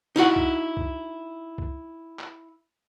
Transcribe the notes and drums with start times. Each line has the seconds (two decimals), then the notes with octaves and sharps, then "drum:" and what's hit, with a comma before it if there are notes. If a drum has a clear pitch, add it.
0.16 D#4 E4 F#4 F#5
0.36 drum: kick C2
0.77 drum: kick C2
1.58 drum: kick C2
2.19 drum: clap